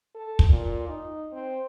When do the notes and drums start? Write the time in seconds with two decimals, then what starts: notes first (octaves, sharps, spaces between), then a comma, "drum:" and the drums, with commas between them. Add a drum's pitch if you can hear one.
0.15 A4
0.39 drum: kick
0.49 A#2
0.88 D#4
1.33 C4